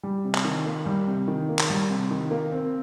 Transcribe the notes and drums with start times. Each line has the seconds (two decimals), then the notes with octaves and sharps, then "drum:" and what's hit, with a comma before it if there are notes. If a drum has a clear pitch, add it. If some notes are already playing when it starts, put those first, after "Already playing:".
0.03 G3
0.25 C3
0.35 drum: clap
0.45 D#3
0.66 A#3
0.86 G3
1.07 C3
1.28 D#3
1.49 A#3
1.59 drum: clap
1.70 G3
1.90 C3
2.11 D#3
2.31 A#3
2.52 C4